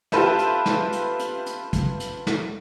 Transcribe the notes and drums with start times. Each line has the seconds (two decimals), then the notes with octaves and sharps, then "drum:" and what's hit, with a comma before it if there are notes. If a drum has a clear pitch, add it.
0.12 F4 G4 A4 B4 C5 E5, drum: snare
0.39 drum: hi-hat
0.66 drum: snare
0.93 drum: hi-hat
1.19 drum: hi-hat
1.46 drum: hi-hat
1.73 drum: kick, hi-hat
2.00 drum: hi-hat
2.27 drum: snare